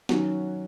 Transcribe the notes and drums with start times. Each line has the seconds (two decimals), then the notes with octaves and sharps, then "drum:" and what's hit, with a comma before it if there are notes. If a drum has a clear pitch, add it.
0.09 D#3 F#3 C#4 F#4, drum: snare